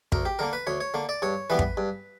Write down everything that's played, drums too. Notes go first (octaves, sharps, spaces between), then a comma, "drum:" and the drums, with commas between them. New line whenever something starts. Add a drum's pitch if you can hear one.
D2 A#4, drum: kick
G4
D3 A#3 A#4
B4
D2 C#5
C#5
D3 A#3
D5
G2 C#5
E3 G3 B3 B4
drum: kick
G2